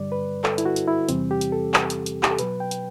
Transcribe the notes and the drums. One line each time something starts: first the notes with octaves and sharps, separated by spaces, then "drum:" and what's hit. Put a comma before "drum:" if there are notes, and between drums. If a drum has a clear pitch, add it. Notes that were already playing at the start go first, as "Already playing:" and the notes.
Already playing: G2 D3 G3 D5
B4
A4, drum: clap
E4, drum: hi-hat
F#4
drum: hi-hat
E4
E2 C3 E3 G3 C4, drum: hi-hat
G4
drum: hi-hat
A4
drum: clap
drum: hi-hat
drum: hi-hat
G4, drum: clap
A4
B2 F#3 B4, drum: hi-hat
G5
drum: hi-hat